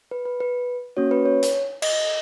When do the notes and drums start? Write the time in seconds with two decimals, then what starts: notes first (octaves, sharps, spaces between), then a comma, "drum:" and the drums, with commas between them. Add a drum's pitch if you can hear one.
0.11 B4
0.26 B4
0.40 B4
0.97 A#3 C#4 F#4 C#5
1.11 B4
1.26 C#5
1.43 drum: hi-hat
1.82 D#5, drum: cymbal